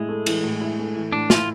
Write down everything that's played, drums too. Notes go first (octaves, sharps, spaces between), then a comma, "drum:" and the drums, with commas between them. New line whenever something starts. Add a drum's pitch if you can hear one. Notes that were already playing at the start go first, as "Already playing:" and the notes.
Already playing: A2 G#3 E4
A3
E3, drum: cymbal
A2
E4
A3
E3
A2 D4
E4 F4, drum: snare